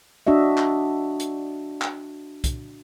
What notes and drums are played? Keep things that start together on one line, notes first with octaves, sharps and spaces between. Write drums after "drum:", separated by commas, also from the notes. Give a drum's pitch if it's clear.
D4 F#4 D#5 E5
drum: clap
drum: hi-hat
drum: clap
drum: kick, hi-hat